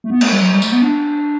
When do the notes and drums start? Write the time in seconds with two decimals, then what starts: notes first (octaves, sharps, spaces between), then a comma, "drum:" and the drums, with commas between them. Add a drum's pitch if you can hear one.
0.04 A3
0.10 B3
0.21 A3, drum: cymbal
0.31 G3
0.41 F#3
0.52 G3
0.62 A3, drum: tambourine
0.72 B3
0.82 D4